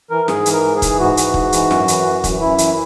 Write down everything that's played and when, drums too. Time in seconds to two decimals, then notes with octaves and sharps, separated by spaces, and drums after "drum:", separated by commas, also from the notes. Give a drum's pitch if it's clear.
0.10 E3 A#4
0.28 G#2 G#4, drum: snare
0.46 E3, drum: hi-hat
0.52 A#4
0.63 G#2
0.76 G#4
0.82 E3, drum: kick, hi-hat
0.99 G#2 F#4
1.17 E3, drum: hi-hat
1.34 G#2, drum: kick
1.52 E3, drum: hi-hat
1.71 F#2, drum: snare
1.88 E3, drum: hi-hat
2.06 F#2
2.24 E3, drum: kick, hi-hat
2.40 F#2 E4
2.58 E3, drum: hi-hat